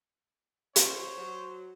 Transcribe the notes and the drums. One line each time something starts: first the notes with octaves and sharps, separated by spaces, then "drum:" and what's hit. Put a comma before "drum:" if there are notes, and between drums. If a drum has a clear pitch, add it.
E3 F3 C#4 C5 C#5, drum: hi-hat
F#3